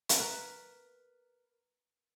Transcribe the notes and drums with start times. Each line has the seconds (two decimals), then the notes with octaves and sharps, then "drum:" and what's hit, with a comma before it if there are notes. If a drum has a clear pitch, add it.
0.09 drum: hi-hat
0.19 A#4 B4